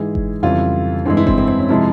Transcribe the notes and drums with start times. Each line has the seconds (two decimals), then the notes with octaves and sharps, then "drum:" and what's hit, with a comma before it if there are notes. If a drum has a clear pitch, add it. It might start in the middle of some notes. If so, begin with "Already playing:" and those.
Already playing: G#2 E3 G#3 G#4
0.15 drum: kick F#1
0.43 F2 C#3 E3 G3 F4
1.05 G2 E3 G#3 C4
1.17 E4
1.27 C4, drum: kick F#1
1.38 C4
1.48 C4
1.59 C#4
1.69 C3 F3 G#3 E4